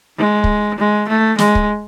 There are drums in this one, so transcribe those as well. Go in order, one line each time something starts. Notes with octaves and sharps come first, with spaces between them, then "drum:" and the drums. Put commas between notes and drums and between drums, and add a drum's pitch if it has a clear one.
G#3
drum: kick
G#3
A3
G#3, drum: snare
drum: kick